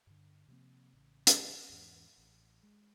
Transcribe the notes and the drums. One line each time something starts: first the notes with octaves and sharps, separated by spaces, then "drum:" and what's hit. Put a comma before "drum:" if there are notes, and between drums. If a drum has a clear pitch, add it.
G2 D3
C3 F3 A#3 C4
A1 C#3
drum: hi-hat
E2 G#2 E3
A1
G#3